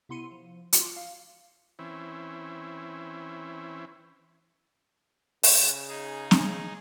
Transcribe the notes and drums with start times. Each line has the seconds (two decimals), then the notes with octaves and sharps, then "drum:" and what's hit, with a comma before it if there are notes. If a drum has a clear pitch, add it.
0.09 C3 B3 E4 C6 C#7 D#7
0.32 F3
0.73 F4 F#4 C6 D6, drum: hi-hat
0.96 F5
1.79 E3 C4 C#4 E4
5.43 C#3, drum: open hi-hat
5.88 D#4 G#4
6.31 drum: snare C4